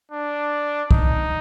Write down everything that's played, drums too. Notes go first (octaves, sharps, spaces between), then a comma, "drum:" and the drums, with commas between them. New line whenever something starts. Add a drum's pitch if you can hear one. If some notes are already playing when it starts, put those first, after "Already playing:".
D4
D#4, drum: kick